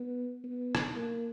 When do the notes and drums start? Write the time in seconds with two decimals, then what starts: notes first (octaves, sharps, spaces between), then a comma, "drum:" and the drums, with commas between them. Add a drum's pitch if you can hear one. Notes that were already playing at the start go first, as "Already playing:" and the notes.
Already playing: B3
0.44 B3
0.75 drum: rim click
0.96 A#3